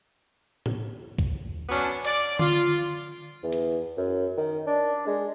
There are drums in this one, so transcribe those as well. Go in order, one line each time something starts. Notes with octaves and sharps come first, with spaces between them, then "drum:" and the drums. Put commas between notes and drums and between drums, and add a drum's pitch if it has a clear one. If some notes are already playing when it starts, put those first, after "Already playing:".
drum: tom A2
drum: kick
F#3 B3 C#4 D4
D5, drum: cymbal
F4, drum: tom D3
E2
drum: hi-hat
F#2
D#3
D4
G#3